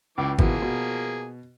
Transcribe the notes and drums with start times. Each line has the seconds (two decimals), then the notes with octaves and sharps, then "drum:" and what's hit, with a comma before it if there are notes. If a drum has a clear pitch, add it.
0.18 C#2 E3 G5 D6
0.38 B2 E3 F3 A#3 G#4, drum: kick G#1
0.62 B2